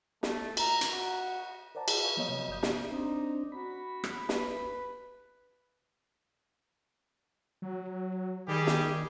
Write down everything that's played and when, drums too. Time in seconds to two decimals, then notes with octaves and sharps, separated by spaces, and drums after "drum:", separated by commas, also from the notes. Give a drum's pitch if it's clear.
0.23 A3, drum: snare
0.57 A#5, drum: cymbal
0.81 drum: hi-hat
0.93 F#4
1.75 A#4 C5 D5 F#5 A5 A#5
1.88 G#4, drum: cymbal
2.01 B4 F5 G#5 C#6
2.17 F3 F#3 A#3 B3 C#5 D#5
2.29 C3
2.49 G1 D5 D#6 G6
2.63 drum: snare
2.92 C4 D4 D#4
3.52 F#4 B5
4.04 drum: rim click
4.29 B4, drum: snare
7.62 F#3
8.48 D#3 G3 G4 G#4
8.67 drum: snare